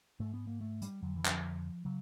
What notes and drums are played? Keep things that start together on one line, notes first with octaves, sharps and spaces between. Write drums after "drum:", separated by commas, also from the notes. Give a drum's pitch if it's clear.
G#2 A3
B3
A#3
A3
G3, drum: hi-hat
F2 D3 F#3
E3
F#3, drum: clap
F3
C#3 F#3